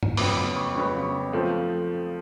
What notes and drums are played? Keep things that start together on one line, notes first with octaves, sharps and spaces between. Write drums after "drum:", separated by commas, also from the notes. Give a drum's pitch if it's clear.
drum: tom G2
F2 C#3 F#3 B3 D6, drum: open hi-hat
D6
C#6
F2 C#3 F#3 B3 C#6
F3 A3 C4